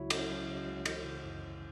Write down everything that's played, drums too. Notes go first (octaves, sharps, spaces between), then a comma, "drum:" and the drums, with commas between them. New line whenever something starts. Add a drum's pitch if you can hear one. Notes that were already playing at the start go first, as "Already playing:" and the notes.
Already playing: C#2 C#3 F#3 C#4 E4 F#4 C#5 E5
C#4, drum: cymbal
F#3
C#3
C#2
E3, drum: cymbal
C#3
F#2
G#1